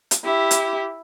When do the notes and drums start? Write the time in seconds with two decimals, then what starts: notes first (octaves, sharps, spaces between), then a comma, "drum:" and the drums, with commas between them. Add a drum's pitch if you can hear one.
0.11 drum: hi-hat
0.25 E4 G4
0.51 drum: hi-hat